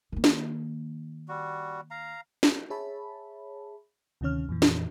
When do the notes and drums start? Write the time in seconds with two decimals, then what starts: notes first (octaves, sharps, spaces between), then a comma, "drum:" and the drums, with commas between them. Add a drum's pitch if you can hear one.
0.12 D#3 A#3
0.24 drum: snare
1.29 G3 F#4
1.91 F5 A#5
2.43 drum: snare
2.70 G#4 C#5 E5 A5 B5
4.21 D2 C3 D#3 C#4 C#5 F6
4.49 F2 A#2 E3
4.62 drum: snare